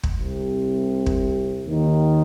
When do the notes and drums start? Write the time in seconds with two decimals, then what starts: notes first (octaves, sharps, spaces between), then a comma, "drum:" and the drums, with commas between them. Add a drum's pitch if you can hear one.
0.04 drum: kick
0.18 C2 C3
1.06 drum: kick
1.66 D#2 D#3